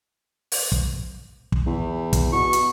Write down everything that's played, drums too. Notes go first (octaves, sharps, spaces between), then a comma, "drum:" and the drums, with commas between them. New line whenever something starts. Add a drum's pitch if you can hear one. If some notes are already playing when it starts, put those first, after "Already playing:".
drum: open hi-hat
drum: kick
drum: kick
E2
drum: kick, hi-hat
B2 C#6
drum: hi-hat